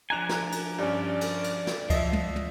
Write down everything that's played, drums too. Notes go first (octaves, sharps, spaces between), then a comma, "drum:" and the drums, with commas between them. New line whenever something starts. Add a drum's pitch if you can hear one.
F3 D4 G#5 A#5 F#6 F7
drum: snare
drum: cymbal
G2 C#4 D5
drum: cymbal
drum: cymbal
drum: snare
F3 D#5 E5, drum: kick C#2, cymbal
drum: tom
drum: tom